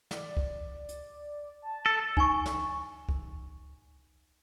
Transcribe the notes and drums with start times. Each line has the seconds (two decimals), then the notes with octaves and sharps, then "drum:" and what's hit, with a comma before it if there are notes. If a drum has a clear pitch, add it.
0.11 D5, drum: snare
0.37 drum: kick
0.89 drum: hi-hat
1.62 A5
1.86 A4
2.17 D#4 G#5 C#6, drum: kick
2.46 drum: snare
3.09 drum: kick